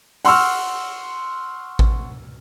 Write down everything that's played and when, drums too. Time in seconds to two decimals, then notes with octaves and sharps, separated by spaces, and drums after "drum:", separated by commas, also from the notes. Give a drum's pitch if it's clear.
0.25 F#5 C6 C#6 E6 F6, drum: open hi-hat
1.79 drum: kick A1